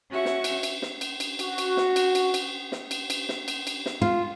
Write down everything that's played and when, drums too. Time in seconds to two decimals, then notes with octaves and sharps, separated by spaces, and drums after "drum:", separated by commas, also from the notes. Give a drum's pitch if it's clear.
0.10 C#4 F#4 E5 C#6
0.25 drum: snare
0.44 drum: cymbal
0.63 drum: cymbal
0.82 drum: snare
1.01 drum: cymbal
1.20 drum: cymbal
1.39 F#4, drum: cymbal
1.58 drum: cymbal
1.77 drum: snare
1.96 drum: cymbal
2.15 drum: cymbal
2.34 drum: cymbal
2.72 drum: snare
2.91 drum: cymbal
3.10 drum: cymbal
3.29 drum: snare
3.48 drum: cymbal
3.67 drum: cymbal
3.86 drum: snare
4.02 F4